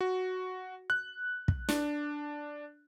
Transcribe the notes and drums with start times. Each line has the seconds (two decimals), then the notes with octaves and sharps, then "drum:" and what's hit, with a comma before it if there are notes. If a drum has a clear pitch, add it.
0.01 F#4
0.90 F#6
1.48 drum: kick
1.69 D4, drum: snare